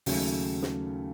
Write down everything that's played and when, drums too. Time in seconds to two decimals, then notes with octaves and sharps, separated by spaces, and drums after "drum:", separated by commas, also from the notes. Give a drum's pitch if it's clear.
0.06 D#2 C#3 F#3 A3, drum: open hi-hat
0.62 drum: snare